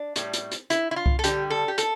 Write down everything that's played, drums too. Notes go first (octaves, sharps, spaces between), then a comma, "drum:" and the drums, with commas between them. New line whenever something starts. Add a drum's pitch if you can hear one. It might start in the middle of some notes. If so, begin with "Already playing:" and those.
Already playing: D4
A2 G3, drum: hi-hat
drum: hi-hat
drum: hi-hat
E4, drum: hi-hat
E4
F4
drum: kick C2
A4
D3 G3 G4, drum: hi-hat
A4
G4
A4, drum: hi-hat